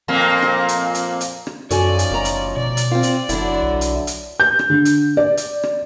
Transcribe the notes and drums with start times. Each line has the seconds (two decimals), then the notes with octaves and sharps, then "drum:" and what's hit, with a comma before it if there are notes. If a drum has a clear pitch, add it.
0.08 F2 A#2 A#3
0.42 drum: rim click
0.69 drum: hi-hat
0.95 drum: hi-hat
1.21 drum: hi-hat
1.47 drum: rim click
1.70 F#2 F3 C#4 D#4 F#4 A4 D5 G#5, drum: hi-hat
1.99 drum: hi-hat
2.11 F#1 D2 A#5
2.25 drum: hi-hat
2.56 B2 D5
2.77 drum: hi-hat
2.91 C4 F4
3.03 drum: hi-hat
3.29 F#1 D3 F#3 D4 E4, drum: hi-hat
3.61 B1
3.81 drum: hi-hat
4.07 drum: hi-hat
4.40 G6
4.59 drum: rim click
4.70 D3
4.85 drum: hi-hat
5.17 D5
5.37 drum: hi-hat
5.63 drum: rim click